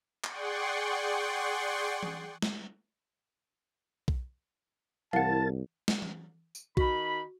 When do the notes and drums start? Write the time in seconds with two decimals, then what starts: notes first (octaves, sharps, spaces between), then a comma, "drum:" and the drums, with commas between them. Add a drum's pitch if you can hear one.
0.24 G#4 D5 F#5 G5 C6 C#6, drum: clap
2.03 drum: tom E3
2.42 drum: snare
4.08 drum: kick B1
5.13 C2 E4 A#4 F5 F#5 A5 A6, drum: tom E3
5.88 drum: snare
6.02 drum: tom E3
6.55 drum: tambourine
6.77 D#3 F#4 B5, drum: kick B1